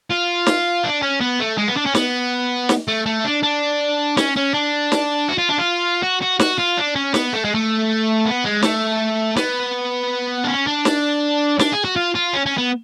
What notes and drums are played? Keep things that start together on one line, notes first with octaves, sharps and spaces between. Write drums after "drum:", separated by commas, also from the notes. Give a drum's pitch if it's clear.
F4
drum: snare
D4
C#4
B3
A3
G#3
B3
D4
C#4
B3, drum: snare
drum: snare
A3
A3
D4
D4
C#4, drum: snare
C#4
D4
drum: snare
F#4
F4
D4
F4
F#4
F#4
F#4, drum: snare
F4
D4
C#4
B3, drum: snare
A3
G#3
A3
B3
G#3
A3, drum: snare
B3, drum: snare
D4
C#4
D4
drum: snare
D4, drum: snare
G#4
F#4
F4
F4
C#4
C#4
B3